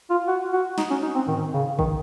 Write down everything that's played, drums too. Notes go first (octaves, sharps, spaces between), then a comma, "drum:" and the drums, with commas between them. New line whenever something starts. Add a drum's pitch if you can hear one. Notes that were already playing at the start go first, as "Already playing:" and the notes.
F4
F#4
F#4
D#4, drum: snare
C#4
D#4
C4
D#3, drum: tom G#2
C#3
D#3, drum: kick